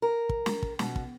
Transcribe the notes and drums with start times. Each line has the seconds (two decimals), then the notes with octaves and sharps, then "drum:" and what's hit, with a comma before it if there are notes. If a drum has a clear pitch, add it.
0.02 A#4
0.29 drum: kick
0.46 drum: snare
0.63 drum: kick
0.79 B2, drum: snare
0.96 drum: kick